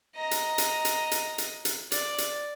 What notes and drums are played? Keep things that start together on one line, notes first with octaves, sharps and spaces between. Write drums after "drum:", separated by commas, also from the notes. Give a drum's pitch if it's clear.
D#5 A#5
drum: hi-hat
drum: hi-hat
drum: hi-hat
drum: hi-hat
drum: hi-hat
drum: hi-hat
D5, drum: hi-hat
drum: hi-hat